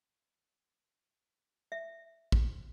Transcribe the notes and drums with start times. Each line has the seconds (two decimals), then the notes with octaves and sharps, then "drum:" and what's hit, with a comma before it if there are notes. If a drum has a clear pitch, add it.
1.72 E5
2.32 drum: kick A#1